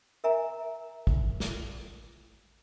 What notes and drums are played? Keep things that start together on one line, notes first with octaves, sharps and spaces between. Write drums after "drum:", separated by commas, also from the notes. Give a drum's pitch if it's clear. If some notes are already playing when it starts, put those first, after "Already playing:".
A#4 E5 G#5 A#5
drum: kick
drum: snare